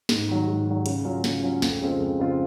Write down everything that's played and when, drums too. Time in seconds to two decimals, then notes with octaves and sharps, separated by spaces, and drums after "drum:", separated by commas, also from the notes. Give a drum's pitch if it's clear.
0.09 G#2, drum: snare
0.29 D#3 F#3
0.47 G#2
0.67 D#3 F#3
0.86 C#3, drum: hi-hat
1.05 F#3 C#4 F4
1.24 C#3, drum: snare
1.43 F#3 C#4 F4
1.62 F2, drum: snare
1.81 C#3 G#3 C4 F4
2.00 F2
2.19 C#3 G#3 C4 F4